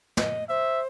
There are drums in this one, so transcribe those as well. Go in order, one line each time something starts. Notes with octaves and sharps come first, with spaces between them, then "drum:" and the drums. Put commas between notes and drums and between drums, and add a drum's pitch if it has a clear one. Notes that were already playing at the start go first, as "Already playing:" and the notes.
D#5, drum: snare
C5 E5